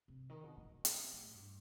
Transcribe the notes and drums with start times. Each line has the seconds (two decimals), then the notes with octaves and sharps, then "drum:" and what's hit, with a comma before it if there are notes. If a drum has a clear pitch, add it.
0.08 C3
0.30 D#3
0.43 B2
0.57 B2
0.85 drum: hi-hat
1.13 A2
1.34 G2